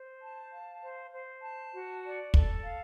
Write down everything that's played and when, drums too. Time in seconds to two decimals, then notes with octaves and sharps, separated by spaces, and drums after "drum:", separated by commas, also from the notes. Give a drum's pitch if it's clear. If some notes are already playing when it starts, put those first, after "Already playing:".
Already playing: C5
0.21 A5
0.52 F5
0.83 C5
1.12 C5
1.43 A5
1.73 F#4
2.04 D5
2.34 A4, drum: kick
2.64 F5